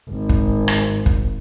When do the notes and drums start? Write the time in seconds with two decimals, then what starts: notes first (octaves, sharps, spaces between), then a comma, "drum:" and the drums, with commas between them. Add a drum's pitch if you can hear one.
0.10 G#1
0.29 drum: kick
0.68 drum: rim click
1.06 drum: kick